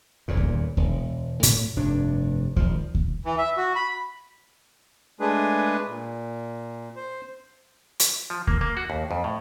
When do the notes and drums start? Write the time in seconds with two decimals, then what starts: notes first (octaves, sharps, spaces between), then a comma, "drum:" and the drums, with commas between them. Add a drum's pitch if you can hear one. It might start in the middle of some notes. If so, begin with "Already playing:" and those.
0.28 D#1 E2 A#2
0.37 drum: kick D2
0.77 E1, drum: kick D2
1.43 A2, drum: hi-hat
1.76 F1 G2 D4
2.56 G#1 F3, drum: kick D2
2.95 drum: kick D2
3.25 E3
3.38 E5
3.57 F#4
3.76 B5
5.20 G#3 A3 D4 G#4 B4
5.88 A#2
6.96 C5
8.00 drum: hi-hat
8.30 F3
8.47 A#3, drum: kick D2
8.61 A#3
8.77 F#4
8.90 D#2
9.11 F2
9.24 A2